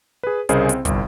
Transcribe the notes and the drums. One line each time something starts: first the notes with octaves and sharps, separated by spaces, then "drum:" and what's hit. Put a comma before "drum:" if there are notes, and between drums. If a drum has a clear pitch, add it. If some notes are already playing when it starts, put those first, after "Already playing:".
G#4 B4
C2 C#3 G#4 A#4 C5 D#5, drum: hi-hat
C4, drum: hi-hat
G1 C2, drum: kick, hi-hat